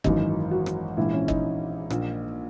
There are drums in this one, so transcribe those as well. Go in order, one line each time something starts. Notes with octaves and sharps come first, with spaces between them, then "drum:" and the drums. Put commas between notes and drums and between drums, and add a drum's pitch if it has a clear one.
G#1 F#2 E3 D#4, drum: kick
F#4
drum: rim click
A#1 G#2 E3 E4
C#4
D#4, drum: kick
A#1 A#2, drum: rim click